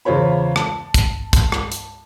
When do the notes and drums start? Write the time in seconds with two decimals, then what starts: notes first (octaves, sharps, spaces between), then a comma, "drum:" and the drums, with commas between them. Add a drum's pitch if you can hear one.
0.05 E2 C#3 F4 C5 C#5 B5
0.56 A5, drum: rim click
0.94 drum: kick, hi-hat
1.33 drum: kick, hi-hat
1.52 drum: rim click
1.72 drum: hi-hat